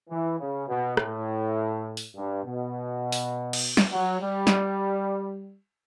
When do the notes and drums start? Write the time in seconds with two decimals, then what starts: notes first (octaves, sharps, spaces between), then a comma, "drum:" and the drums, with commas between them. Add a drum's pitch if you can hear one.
0.10 E3
0.39 C#3
0.68 B2
0.97 A2, drum: rim click
1.97 drum: open hi-hat
2.15 G2
2.44 B2
3.12 drum: open hi-hat
3.53 drum: cymbal
3.77 drum: snare
3.91 F#3
4.21 G3
4.47 drum: snare